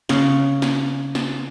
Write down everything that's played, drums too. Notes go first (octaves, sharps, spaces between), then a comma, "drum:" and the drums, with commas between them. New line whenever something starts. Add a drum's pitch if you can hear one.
C#3, drum: snare
drum: snare
drum: snare